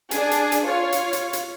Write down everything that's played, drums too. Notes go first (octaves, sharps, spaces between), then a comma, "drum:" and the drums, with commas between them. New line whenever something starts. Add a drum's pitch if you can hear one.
D4 G#4, drum: hi-hat
drum: hi-hat
drum: hi-hat
F4 C#5 F5
drum: hi-hat
drum: hi-hat
drum: hi-hat